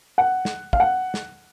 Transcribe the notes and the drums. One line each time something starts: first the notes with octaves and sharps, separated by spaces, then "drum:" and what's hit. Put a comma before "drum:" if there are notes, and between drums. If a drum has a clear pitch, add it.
F#5
drum: snare
F5, drum: kick
F#5
drum: snare